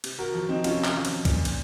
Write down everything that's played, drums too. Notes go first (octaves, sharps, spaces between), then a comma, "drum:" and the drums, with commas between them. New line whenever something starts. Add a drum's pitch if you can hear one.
C3, drum: cymbal
F#4 A#4
F3
C4 D#4
C3 C#4 F4, drum: cymbal
drum: clap
F3
drum: cymbal
A#2, drum: kick C2, cymbal
drum: cymbal